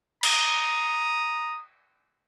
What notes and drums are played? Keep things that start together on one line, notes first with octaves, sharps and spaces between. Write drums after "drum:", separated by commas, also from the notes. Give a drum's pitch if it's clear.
A#5 D#6, drum: cymbal